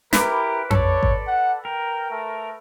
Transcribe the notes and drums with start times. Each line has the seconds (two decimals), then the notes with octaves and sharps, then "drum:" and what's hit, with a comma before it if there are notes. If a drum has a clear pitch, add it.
0.13 E4 G4 A#4 B4 C6 D6, drum: snare
0.71 A4 C#5 D5, drum: tom F2
1.03 drum: kick G#1
1.27 F#5
1.65 A#4 G5
2.11 A3